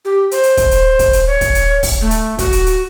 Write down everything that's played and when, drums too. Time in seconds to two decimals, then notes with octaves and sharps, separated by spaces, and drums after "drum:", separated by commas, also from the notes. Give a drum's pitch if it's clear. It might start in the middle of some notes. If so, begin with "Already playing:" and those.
0.05 G4
0.31 C5, drum: hi-hat
0.43 drum: hi-hat
0.57 drum: kick, hi-hat
0.71 drum: hi-hat
0.99 drum: kick, hi-hat
1.13 drum: hi-hat
1.27 C#5
1.41 drum: kick, hi-hat
1.55 drum: hi-hat
1.83 drum: kick, open hi-hat
2.01 A3
2.11 drum: hi-hat
2.39 F#4, drum: kick, hi-hat
2.52 drum: hi-hat
2.66 drum: hi-hat